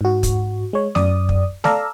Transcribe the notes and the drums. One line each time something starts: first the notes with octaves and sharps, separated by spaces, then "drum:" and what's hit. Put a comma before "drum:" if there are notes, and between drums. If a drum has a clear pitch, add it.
G#2 F#4
drum: kick, hi-hat
G#3 C#5
F#2 D5 D#6, drum: snare
drum: kick
A4 D5 F5 A#5 E6, drum: snare